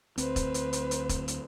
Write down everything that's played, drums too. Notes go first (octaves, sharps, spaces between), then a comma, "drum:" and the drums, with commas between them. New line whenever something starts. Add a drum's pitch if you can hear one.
D2 C4 B4 C5, drum: hi-hat
drum: kick E1, hi-hat
drum: hi-hat
drum: hi-hat
drum: hi-hat
drum: kick E1, hi-hat
drum: hi-hat